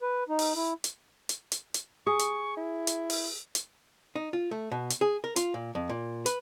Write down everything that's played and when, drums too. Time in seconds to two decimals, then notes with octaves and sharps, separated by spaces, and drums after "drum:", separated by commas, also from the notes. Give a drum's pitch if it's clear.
0.01 B4
0.29 D#4
0.39 drum: open hi-hat
0.56 E4
0.84 drum: hi-hat
1.29 drum: hi-hat
1.52 drum: hi-hat
1.74 drum: hi-hat
2.07 G#4 C#6
2.19 drum: hi-hat
2.57 E4
2.87 drum: hi-hat
3.10 drum: open hi-hat
3.55 drum: hi-hat
4.16 D#4
4.33 F4
4.51 A3
4.71 B2
4.90 drum: hi-hat
5.01 G#4
5.24 A#4
5.36 F4, drum: hi-hat
5.54 A#2
5.75 F2
5.89 A#2
6.26 B4, drum: hi-hat